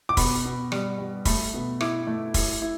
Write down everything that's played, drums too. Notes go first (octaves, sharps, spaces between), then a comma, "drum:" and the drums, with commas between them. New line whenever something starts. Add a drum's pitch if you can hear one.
D6
B2 B5, drum: kick, open hi-hat
B2
G3, drum: rim click
G3
A3 B5, drum: kick, open hi-hat
B2
E4 D6, drum: rim click
A3
E4, drum: kick, open hi-hat
E4